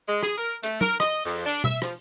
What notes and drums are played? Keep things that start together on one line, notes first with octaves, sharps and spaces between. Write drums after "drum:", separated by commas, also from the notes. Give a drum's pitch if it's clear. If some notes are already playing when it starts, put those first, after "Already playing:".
G#3
G#4, drum: rim click
A#4
A3, drum: hi-hat
A#4, drum: tom
D#5, drum: rim click
F2, drum: open hi-hat
D4
E5, drum: tom B2
F3, drum: rim click